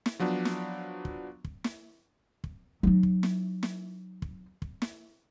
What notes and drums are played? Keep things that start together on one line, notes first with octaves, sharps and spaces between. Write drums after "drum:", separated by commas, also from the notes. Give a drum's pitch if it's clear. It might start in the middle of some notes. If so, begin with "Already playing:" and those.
drum: snare
F3 F#3 B3 D4
drum: snare
drum: kick
drum: kick
drum: snare
drum: kick
F#3 D#4
drum: kick
drum: snare
drum: snare
drum: kick
drum: kick
drum: snare